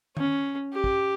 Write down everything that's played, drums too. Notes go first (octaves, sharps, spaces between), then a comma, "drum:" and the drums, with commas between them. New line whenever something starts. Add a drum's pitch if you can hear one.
C#4, drum: tom D#3
G4
drum: kick